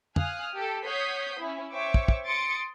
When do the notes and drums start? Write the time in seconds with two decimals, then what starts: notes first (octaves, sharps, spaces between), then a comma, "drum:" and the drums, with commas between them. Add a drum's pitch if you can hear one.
0.16 F5 G#5 D#6 F6 F#6, drum: tom
0.53 G4 A4
0.84 C#5 F#5 D#6 G6 B6 C7
1.40 C#4 E4
1.72 C5 C#5 E5 G5 C#6 D6
1.94 drum: kick
2.08 drum: kick
2.25 C6 D#6 A6 C#7 D7